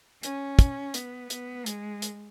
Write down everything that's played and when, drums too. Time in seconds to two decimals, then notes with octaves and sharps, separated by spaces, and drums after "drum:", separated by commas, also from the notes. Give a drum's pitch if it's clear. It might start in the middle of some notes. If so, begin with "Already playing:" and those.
0.23 C#4, drum: hi-hat
0.59 drum: kick, hi-hat
0.94 B3, drum: hi-hat
1.30 B3, drum: hi-hat
1.66 G#3, drum: hi-hat
2.02 drum: hi-hat